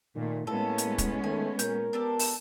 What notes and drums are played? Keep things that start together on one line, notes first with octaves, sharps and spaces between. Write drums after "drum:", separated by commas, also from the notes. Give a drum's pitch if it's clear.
A#2 D#3 A3
A2 G#3 A#3 B3 C#4 A4
drum: hi-hat
drum: kick, hi-hat
D#3 A3 G#5
A#2 A#4 G6, drum: hi-hat
B3 D4 G4 A4
drum: open hi-hat